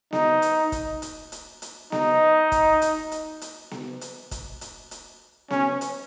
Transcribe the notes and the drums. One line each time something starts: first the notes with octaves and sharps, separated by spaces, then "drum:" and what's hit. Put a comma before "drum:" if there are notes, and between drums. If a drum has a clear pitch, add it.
D#4, drum: snare B3
drum: hi-hat
drum: kick, hi-hat
drum: hi-hat
drum: hi-hat
drum: hi-hat
D#4, drum: snare B3
drum: kick, hi-hat
drum: hi-hat
drum: hi-hat
drum: hi-hat
drum: snare B3
drum: hi-hat
drum: kick, hi-hat
drum: hi-hat
drum: hi-hat
C#4, drum: snare B3
drum: hi-hat